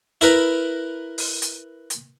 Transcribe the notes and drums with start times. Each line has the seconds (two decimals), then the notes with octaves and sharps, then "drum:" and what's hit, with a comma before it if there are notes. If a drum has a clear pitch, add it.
0.21 E4 A#4 B4 A#5, drum: hi-hat
1.18 drum: open hi-hat
1.42 drum: hi-hat
1.90 drum: hi-hat